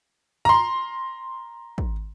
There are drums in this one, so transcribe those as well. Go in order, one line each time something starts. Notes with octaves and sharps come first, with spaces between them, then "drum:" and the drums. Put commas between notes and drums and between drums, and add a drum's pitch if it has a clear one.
A#5 C6
drum: kick